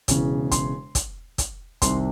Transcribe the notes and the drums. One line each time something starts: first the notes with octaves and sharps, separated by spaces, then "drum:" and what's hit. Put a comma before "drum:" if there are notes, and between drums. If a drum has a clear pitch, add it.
E1 E2 C#3 E3, drum: kick, hi-hat
C6, drum: kick, hi-hat
drum: kick, hi-hat
drum: kick, hi-hat
C2 C3 D#3 C6, drum: kick, hi-hat